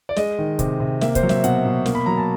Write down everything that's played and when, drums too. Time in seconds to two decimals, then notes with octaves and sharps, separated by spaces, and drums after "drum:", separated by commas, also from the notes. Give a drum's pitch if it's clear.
0.09 D5
0.16 G#3 D#5, drum: snare
0.39 D#3
0.59 C3, drum: kick, hi-hat
0.80 C3
1.01 A#3 E5, drum: snare
1.15 C5, drum: kick, hi-hat
1.23 F#3
1.29 E5, drum: snare
1.44 B2 F#5, drum: hi-hat
1.65 B2
1.86 A#3, drum: snare
1.95 B5
2.06 F#3 A#5
2.17 A5